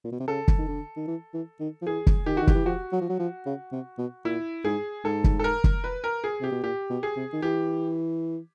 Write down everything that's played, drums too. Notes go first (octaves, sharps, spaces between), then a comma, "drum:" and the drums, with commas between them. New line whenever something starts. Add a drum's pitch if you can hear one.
A#2
B2
C3
C#3 A4
drum: kick
D#3
D3
D#3
E3
E3
D#3
F3
E3 G#4
drum: kick
D#3 G4
D#3 F#4
G4, drum: kick
E3
F3 F#4
F#3
F3
F#3
F3
C#3
C3
B2
A#2 E4
G#2 G#4
G#2 A4
drum: kick
A4
A#4
drum: kick
B4
A#4
G#4
C3 G4
B2
A#2 G4
B2
G#4
C3
D#3
E3 G4